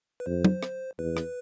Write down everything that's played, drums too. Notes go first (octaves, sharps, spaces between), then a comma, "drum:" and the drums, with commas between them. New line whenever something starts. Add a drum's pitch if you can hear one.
B4
F2 C5
drum: tom
drum: rim click
E2 B4
drum: rim click